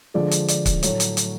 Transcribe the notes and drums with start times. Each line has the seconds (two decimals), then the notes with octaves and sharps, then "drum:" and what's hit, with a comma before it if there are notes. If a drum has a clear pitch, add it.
0.14 D3 F3 G#3 D5
0.31 drum: hi-hat
0.48 D5, drum: hi-hat
0.66 drum: kick C#1, hi-hat
0.83 A2 F#3 A3 C#5, drum: hi-hat
1.00 drum: hi-hat
1.17 drum: hi-hat